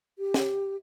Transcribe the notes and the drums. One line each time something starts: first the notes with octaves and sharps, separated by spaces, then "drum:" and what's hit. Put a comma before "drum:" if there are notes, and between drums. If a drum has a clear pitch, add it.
G4
drum: snare